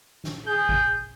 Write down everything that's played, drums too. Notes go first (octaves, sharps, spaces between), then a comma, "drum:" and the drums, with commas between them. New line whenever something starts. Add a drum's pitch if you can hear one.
drum: snare
G#4 G6
drum: kick G1